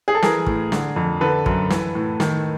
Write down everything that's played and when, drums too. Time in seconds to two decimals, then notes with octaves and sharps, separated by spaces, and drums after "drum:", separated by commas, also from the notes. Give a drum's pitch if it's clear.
0.08 G#4
0.15 A4
0.22 E3 G#4 A#4, drum: snare
0.46 A2, drum: kick
0.72 D3, drum: snare
0.96 F2
1.21 D3 A4 B4
1.46 F#2, drum: kick
1.70 E3, drum: snare
1.95 A2
2.20 D#3, drum: snare